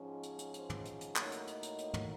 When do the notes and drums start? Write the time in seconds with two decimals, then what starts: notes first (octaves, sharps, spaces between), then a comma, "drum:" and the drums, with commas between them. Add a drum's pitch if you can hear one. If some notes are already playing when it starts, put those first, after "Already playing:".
Already playing: G#2 F3 G#3 C#4 C#5
0.23 drum: hi-hat
0.39 drum: hi-hat
0.54 C5, drum: hi-hat
0.70 drum: tom
0.85 drum: hi-hat
1.01 drum: hi-hat
1.16 A2 F#3 A#3 D#4 C#5, drum: clap
1.32 drum: hi-hat
1.47 D#5, drum: hi-hat
1.63 drum: hi-hat
1.78 drum: hi-hat
1.94 drum: tom